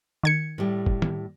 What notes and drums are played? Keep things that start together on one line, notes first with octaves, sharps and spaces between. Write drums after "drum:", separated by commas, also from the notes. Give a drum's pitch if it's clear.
D#3 G#6 C#7
A2 G3
drum: kick
drum: tom D#3